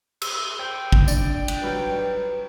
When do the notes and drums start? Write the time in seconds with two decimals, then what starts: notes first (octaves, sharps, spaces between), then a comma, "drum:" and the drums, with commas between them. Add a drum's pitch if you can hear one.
0.22 E6, drum: cymbal
0.59 C5 G5
0.92 drum: kick
1.08 D4 D5, drum: tambourine
1.48 drum: cymbal
1.63 F#3 G3 B4